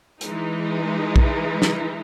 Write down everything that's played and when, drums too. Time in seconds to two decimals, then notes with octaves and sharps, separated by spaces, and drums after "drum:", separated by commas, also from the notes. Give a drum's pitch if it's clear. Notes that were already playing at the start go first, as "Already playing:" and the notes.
0.21 E3 G#3 D#4, drum: hi-hat
1.16 drum: kick A#1
1.62 drum: snare